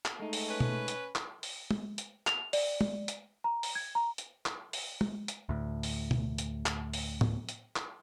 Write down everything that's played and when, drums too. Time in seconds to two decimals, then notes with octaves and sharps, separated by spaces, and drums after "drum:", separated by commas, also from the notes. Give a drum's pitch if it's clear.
0.05 drum: clap
0.20 G#3 A3 D#4
0.33 drum: open hi-hat
0.49 C#4 B4
0.60 drum: tom
0.88 drum: hi-hat
1.16 drum: clap
1.43 drum: open hi-hat
1.71 drum: tom
1.98 drum: hi-hat
2.27 F7, drum: clap
2.53 D5, drum: open hi-hat
2.81 drum: tom
3.08 drum: hi-hat
3.44 A#5
3.63 drum: open hi-hat
3.75 G#6
3.95 A#5
4.18 drum: hi-hat
4.46 drum: clap
4.73 drum: open hi-hat
5.01 drum: tom
5.28 drum: hi-hat
5.49 D2 A2
5.83 drum: open hi-hat
6.11 drum: tom
6.38 drum: hi-hat
6.66 drum: clap
6.93 drum: open hi-hat
7.21 drum: tom
7.49 drum: hi-hat
7.76 drum: clap